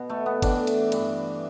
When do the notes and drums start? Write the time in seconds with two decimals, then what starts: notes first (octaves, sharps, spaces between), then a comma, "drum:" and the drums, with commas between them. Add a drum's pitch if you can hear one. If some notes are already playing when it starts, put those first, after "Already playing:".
Already playing: B2 B3
0.10 A3
0.26 B3
0.42 A2 E3 D4, drum: kick G1, cymbal
0.67 drum: cymbal
0.92 G2 E3, drum: cymbal